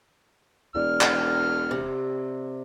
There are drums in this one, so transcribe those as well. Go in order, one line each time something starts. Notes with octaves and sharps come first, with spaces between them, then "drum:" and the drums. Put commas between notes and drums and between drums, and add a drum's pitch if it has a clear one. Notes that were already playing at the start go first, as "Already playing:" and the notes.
E1 D5 F6
drum: clap
C3